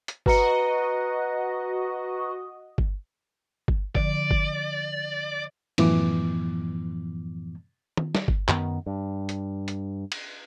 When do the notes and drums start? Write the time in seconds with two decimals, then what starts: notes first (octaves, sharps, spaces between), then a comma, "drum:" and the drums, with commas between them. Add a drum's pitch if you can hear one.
0.08 drum: hi-hat
0.26 F#4 B4 D#5 A#5 C#7, drum: kick G1
2.78 drum: kick G1
3.68 drum: kick G1
3.95 D3 F3 D5, drum: kick G1
4.31 drum: kick G1
5.78 F#2 A2 E3 F3 B3 D6, drum: cymbal
7.97 drum: tom D#3
8.15 drum: snare
8.28 drum: kick G1
8.48 F#2 D#3 B3, drum: clap
8.86 G2
9.29 drum: hi-hat
9.68 drum: hi-hat
10.12 drum: cymbal